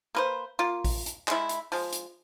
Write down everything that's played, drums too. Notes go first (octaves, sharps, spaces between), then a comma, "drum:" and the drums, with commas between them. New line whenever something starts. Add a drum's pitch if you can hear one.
A#3 B4 C5
A#3 F4
drum: kick A1, open hi-hat
drum: hi-hat
G#3 E4, drum: clap
drum: hi-hat
F3 G#3, drum: open hi-hat
drum: hi-hat